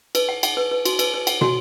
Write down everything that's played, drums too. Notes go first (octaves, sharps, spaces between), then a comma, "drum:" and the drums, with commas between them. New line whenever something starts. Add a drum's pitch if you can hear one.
B4, drum: cymbal
F#5
F#5, drum: cymbal
B4
B4
F#4, drum: cymbal
B4, drum: cymbal
B4
F#5, drum: cymbal
F#4, drum: tom